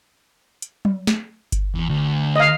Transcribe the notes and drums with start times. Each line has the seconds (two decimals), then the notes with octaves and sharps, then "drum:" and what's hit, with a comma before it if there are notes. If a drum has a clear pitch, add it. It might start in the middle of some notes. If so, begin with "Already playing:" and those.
0.62 drum: hi-hat
0.85 drum: tom F#3
1.07 drum: snare
1.52 drum: kick G1, hi-hat
1.75 E2
1.90 D2
2.36 D#5 F5